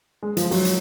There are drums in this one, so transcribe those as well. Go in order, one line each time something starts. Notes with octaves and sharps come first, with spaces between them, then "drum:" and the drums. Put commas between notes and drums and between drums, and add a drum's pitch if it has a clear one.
G#3
F3, drum: hi-hat
F#3, drum: open hi-hat
drum: hi-hat